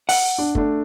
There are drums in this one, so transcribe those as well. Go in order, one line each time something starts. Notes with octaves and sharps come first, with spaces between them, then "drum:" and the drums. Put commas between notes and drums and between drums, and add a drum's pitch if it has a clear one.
F#5, drum: open hi-hat
D4
A3 D4, drum: kick